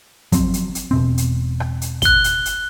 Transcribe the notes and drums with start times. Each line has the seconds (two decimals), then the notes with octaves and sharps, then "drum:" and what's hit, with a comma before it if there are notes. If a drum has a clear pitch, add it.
0.32 F3 F#3 C4, drum: kick, hi-hat
0.54 drum: hi-hat
0.75 drum: hi-hat
0.91 E1 B2 C4
1.18 drum: hi-hat
1.60 drum: rim click
1.82 drum: hi-hat
2.02 F#6 G7, drum: kick, hi-hat
2.24 drum: hi-hat
2.45 drum: hi-hat